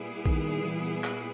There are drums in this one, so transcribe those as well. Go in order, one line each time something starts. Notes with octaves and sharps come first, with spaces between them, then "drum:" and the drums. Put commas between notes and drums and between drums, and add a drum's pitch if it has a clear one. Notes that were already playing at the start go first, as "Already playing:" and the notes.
Already playing: A#2 G3 B3 E4 G#4
D#3, drum: kick A#1
E3
drum: clap